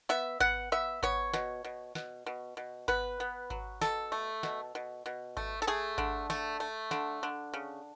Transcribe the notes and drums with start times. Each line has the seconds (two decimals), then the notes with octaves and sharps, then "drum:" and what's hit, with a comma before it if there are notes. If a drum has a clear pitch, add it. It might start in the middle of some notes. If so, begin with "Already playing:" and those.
0.09 B3 E5
0.40 B3 F#5, drum: kick G#1
0.72 B3 E5
1.03 B3 C#5, drum: kick G#1
1.33 B2, drum: snare
1.65 B2
1.95 B2, drum: snare
2.26 B2
2.57 B2
2.88 B3 B4, drum: kick G#1
3.20 B3
3.50 F#3, drum: kick G#1
3.81 B2 A4, drum: snare
4.12 A3
4.43 B2, drum: snare
4.75 B2
5.06 B2
5.37 A3, drum: kick G#1
5.62 A4
5.67 A3 G#4
5.98 D3, drum: kick G#1
6.30 A3, drum: snare
6.60 A3
6.91 D3, drum: snare
7.23 D3
7.54 C#3